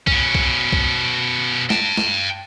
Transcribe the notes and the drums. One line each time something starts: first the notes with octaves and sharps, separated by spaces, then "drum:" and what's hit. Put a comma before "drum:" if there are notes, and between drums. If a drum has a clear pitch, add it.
B2 C#4, drum: kick
drum: kick
drum: kick
G5 A5, drum: snare
drum: snare